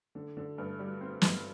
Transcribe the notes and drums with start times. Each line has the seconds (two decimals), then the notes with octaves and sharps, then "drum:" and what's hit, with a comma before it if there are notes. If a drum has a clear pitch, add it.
0.15 D3
0.37 D3
0.58 G2
0.79 G3
1.01 C4
1.22 G2, drum: snare